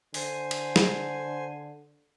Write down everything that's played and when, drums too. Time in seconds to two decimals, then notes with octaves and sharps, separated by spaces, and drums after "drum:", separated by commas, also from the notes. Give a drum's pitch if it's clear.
0.14 D3 C5 G#5, drum: open hi-hat
0.51 drum: cymbal
0.76 drum: snare